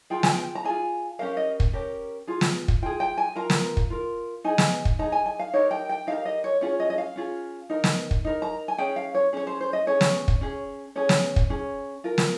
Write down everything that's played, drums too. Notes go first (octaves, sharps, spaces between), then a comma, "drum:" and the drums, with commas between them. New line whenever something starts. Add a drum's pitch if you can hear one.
F4 G#4 G5
G#5, drum: snare
G5
A#5
F4 G#4 G#5
C#4 G4 A#4 F5
D#5
drum: kick
C#4 G4 A#4
F4 G#4
drum: snare
drum: kick
F4 G#4 G5
G5
G#5
F4 A#4 A#5
drum: snare
drum: kick
F4 A#4
D#4 G#4 G#5
drum: snare
drum: kick
D#4 G#4 A#5
G#5
G#5
F5
D#4 G4 A#4 C#5
G5
G5
D#4 G4 A#4 F5
D#5
C#5
C#4 F4 G#4 C#5
D#5
D#5
F5
C#4 F4 G#4
D#4 A#4
drum: snare
drum: kick
D#4 A#4
A#5
G#5
C#4 G#4 G5
F5
C#5
C#4 G#4 C#5
C5
C5
D#5
C#4 G#4 C#5
drum: snare
drum: kick
C#4 G#4
C#4 G#4 C#5
drum: snare
drum: kick
C#4 G#4
F4 A#4
drum: snare